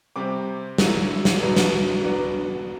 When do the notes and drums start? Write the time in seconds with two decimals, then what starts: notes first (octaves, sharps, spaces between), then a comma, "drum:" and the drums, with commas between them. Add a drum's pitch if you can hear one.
0.16 C3 G3 C4 D6
0.78 F#3 A3 E4, drum: snare
1.25 drum: snare
1.41 B2 F#3 B3 D4
1.56 drum: snare
2.03 F#3 B3 D4